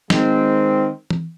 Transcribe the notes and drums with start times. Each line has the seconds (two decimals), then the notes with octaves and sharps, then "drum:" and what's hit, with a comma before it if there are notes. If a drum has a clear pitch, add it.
0.10 D#3 G#3 C4, drum: snare
1.10 drum: tom E3